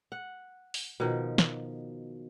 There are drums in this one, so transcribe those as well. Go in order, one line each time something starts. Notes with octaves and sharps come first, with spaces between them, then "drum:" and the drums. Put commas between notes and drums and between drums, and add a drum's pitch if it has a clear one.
F#5
drum: open hi-hat
B2 D#3 F3
drum: snare